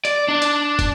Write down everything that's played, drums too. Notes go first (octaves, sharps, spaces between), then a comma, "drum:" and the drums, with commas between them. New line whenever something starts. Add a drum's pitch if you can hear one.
D5, drum: hi-hat
D4
drum: hi-hat
drum: kick, hi-hat